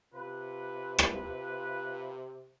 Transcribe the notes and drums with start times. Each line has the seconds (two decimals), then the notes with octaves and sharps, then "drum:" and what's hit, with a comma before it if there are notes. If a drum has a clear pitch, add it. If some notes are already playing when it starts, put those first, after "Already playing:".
0.15 C3 F4 B4
0.99 drum: rim click